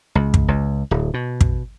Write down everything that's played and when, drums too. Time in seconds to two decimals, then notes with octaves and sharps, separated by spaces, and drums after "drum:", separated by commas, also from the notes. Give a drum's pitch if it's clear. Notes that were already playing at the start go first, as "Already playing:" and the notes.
0.15 C#2
0.34 drum: kick
0.48 C#2
0.91 D1
1.14 B2
1.41 drum: kick